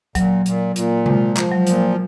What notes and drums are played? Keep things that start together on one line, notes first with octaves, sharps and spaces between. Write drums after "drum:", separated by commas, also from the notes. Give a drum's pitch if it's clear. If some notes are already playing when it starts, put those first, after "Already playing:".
A#2 F#3, drum: kick, hi-hat
A#2, drum: hi-hat
A#2, drum: hi-hat
F3 G#3, drum: tom C3
F3, drum: clap
F#3
A#2, drum: hi-hat